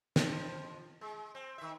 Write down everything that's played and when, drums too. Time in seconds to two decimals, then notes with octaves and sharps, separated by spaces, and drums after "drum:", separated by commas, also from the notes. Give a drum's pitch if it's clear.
0.16 F2 F3, drum: snare
1.01 G#3
1.35 C4
1.58 D#3 E5